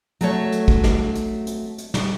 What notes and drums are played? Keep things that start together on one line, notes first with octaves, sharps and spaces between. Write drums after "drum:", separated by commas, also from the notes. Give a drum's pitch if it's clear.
F#3 A3 C#5, drum: hi-hat
drum: hi-hat
drum: kick
drum: snare
drum: hi-hat
drum: hi-hat
drum: hi-hat
drum: snare